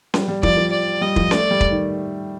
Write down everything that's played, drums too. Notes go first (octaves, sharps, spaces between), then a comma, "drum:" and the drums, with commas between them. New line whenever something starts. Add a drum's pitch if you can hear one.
G3, drum: snare C#4
G3
F3 D5, drum: kick
F3
D5
G3 D#5
F3, drum: kick
A3 D5, drum: snare C#4
G3
drum: kick
D#3